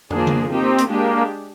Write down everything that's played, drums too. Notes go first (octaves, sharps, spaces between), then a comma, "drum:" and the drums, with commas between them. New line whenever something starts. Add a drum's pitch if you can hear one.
F3 A#3 D4 G#4, drum: tom
drum: tom C#3
A#3 C4 D#4 G4
drum: hi-hat
G#3 A#3 D4 G4